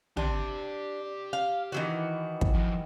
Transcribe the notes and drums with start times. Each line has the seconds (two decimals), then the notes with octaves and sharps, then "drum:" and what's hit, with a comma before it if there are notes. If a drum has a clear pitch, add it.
0.17 D4 G4 C6, drum: tom
1.33 F5
1.72 D#3 E3 F#4
2.41 drum: kick
2.54 F2